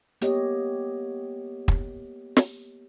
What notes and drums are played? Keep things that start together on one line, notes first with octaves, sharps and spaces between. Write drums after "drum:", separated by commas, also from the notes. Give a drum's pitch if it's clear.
A#3 B3 G4 C#5 D#5, drum: hi-hat
drum: kick
drum: snare